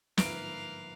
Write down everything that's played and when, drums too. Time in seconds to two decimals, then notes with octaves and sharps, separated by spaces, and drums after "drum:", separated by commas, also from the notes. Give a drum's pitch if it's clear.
0.18 G1 G#2 F3 A#3 B4 E5 F5 D7, drum: snare